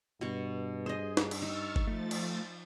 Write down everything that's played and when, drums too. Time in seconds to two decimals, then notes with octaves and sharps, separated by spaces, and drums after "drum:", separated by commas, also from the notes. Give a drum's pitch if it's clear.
0.21 G2 B2 C#6
0.86 G#4 C5 D#5
1.17 drum: snare
1.31 drum: cymbal
1.42 D#4 C#6 E6 F6 A6
1.76 drum: kick G1
1.87 F3 A3 A6
2.11 drum: cymbal